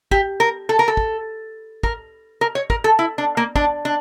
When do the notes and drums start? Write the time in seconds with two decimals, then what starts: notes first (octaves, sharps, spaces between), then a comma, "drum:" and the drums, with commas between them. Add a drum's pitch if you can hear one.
0.11 G4, drum: kick
0.40 A#4
0.69 A4
0.79 A#4
0.88 A4
0.97 drum: kick
1.83 A#4, drum: kick
2.41 A#4
2.55 C#5
2.70 A#4, drum: kick
2.84 A4
2.99 E4
3.18 D4
3.37 A#3
3.56 D4, drum: kick
3.85 D4